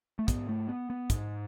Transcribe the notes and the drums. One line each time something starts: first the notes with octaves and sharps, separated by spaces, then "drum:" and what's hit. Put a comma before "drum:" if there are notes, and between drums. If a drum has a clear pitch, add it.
A3
G#2 B3, drum: kick, hi-hat
A3
B3
B3
G#2, drum: kick, hi-hat